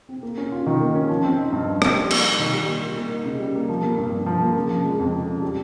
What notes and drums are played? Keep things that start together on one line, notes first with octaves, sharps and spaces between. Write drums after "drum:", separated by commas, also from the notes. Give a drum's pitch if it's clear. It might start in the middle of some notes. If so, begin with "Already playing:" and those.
C4
A#3
C#4
F4
D#3
A#3
C#4
F3
C4
D#4
G2
F3
C4, drum: rim click
G3
A#3, drum: cymbal
D#4
D#3
G3
A#3
G3
A#3
D#4
C#3
G3
A#3
F3
A#3
G2
G2
F3
A#3
C#3
F3
G#3
F2
C#3
F3
G3